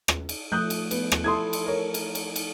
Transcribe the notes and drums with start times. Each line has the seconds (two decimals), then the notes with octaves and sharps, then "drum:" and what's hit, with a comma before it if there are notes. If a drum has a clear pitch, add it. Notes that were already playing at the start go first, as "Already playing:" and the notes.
0.08 drum: rim click
0.29 drum: cymbal
0.52 F3 A3 D#6 F#6 G6
0.70 drum: cymbal
0.91 B3, drum: cymbal
1.12 drum: rim click
1.24 E4 A4 C6 D#6 G#6
1.53 drum: cymbal
1.66 A#4 C#5
1.94 drum: cymbal
2.15 drum: cymbal
2.36 drum: cymbal